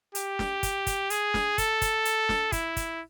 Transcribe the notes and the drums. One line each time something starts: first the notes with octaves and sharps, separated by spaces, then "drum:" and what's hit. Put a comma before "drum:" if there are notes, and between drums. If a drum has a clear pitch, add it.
G4, drum: hi-hat
drum: snare
drum: kick, hi-hat
drum: kick, hi-hat
G#4, drum: hi-hat
drum: snare
A4, drum: kick, hi-hat
drum: kick, hi-hat
drum: hi-hat
drum: snare
E4, drum: kick, hi-hat
drum: kick, hi-hat